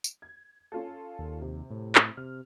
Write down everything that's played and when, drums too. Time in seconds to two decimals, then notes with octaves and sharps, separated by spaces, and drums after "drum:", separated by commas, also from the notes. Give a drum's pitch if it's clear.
0.04 drum: tambourine
0.22 G#6
0.72 C#4 F4 A4
1.19 D#2
1.41 C3
1.70 A2
1.95 drum: clap
2.17 C3 F6